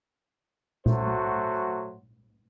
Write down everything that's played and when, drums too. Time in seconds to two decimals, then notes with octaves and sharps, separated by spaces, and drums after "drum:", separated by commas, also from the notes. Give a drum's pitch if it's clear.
0.86 F#3 A3 F#4 C5, drum: tom A#2